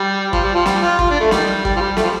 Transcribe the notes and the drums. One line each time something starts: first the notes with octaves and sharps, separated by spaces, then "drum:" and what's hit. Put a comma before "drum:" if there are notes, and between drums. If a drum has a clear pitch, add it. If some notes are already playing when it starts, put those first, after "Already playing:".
Already playing: G3
F3, drum: kick
G3
F3
G3, drum: snare
F4
F4, drum: kick
D4
A3
D#3 G3, drum: snare
G3, drum: kick
F3
G3
A3, drum: snare
F3